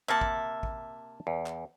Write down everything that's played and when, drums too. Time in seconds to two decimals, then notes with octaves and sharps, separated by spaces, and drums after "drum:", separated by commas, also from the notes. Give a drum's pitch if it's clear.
0.08 C3 A#3 E5 F#5 A5
0.21 drum: kick
0.63 drum: kick
1.27 E2
1.46 drum: clap